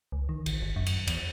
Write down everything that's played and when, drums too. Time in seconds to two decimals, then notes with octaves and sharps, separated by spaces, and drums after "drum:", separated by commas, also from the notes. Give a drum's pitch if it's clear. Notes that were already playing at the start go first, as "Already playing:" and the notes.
0.12 C#2
0.29 D#3
0.46 A1, drum: cymbal
0.62 G1
0.76 F#2
0.86 drum: cymbal
1.07 E2, drum: cymbal